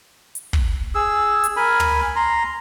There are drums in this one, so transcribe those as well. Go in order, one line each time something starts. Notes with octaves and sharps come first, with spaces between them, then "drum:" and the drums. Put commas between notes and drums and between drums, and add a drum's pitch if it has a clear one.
drum: hi-hat
drum: kick
G#4 E6
drum: hi-hat
A#4 G#5 B5
drum: tom
A#5 C6